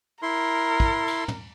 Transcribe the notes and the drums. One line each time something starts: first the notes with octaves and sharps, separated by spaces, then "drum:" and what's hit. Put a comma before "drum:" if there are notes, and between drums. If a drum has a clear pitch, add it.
E4 A#4 C6
drum: kick
drum: cymbal
drum: tom